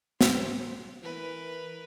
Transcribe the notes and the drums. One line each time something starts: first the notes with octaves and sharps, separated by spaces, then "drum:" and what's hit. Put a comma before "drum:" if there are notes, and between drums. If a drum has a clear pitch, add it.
C5, drum: snare
E3 A#4 B4